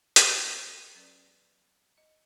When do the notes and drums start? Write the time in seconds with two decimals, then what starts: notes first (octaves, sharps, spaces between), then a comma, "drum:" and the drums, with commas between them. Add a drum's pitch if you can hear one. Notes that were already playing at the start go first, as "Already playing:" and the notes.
0.16 drum: hi-hat
0.44 C4
0.67 B3 G#4 A4
0.94 F#3 C#4 B4 D5
1.98 D#5